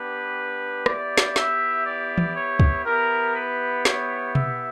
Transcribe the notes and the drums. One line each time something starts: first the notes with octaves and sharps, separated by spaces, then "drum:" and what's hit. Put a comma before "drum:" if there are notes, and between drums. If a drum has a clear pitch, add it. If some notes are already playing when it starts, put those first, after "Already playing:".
Already playing: B3 D4 G4 B4
B3 E4 G4 D5, drum: rim click
drum: snare
E5, drum: snare
D5
drum: tom
C#5
drum: kick
B3 E4 G4 A#4
B4
C#5, drum: snare
E5, drum: tom B2